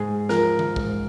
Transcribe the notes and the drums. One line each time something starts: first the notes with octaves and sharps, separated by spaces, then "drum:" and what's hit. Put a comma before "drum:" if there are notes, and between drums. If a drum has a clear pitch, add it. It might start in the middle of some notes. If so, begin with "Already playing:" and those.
Already playing: G#2 G#4
F3 A#4, drum: snare
drum: tom D#3
G#2, drum: kick